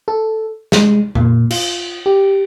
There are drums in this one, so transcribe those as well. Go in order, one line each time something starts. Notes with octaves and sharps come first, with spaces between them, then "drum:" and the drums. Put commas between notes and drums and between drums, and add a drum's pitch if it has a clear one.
A4
G#3, drum: snare
A#2, drum: tom F2
F4, drum: cymbal
G4